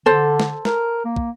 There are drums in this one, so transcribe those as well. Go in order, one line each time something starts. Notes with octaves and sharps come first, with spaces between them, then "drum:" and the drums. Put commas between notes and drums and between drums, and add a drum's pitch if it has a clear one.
D3 A4 C5
drum: snare
A#4, drum: snare
A#3
drum: kick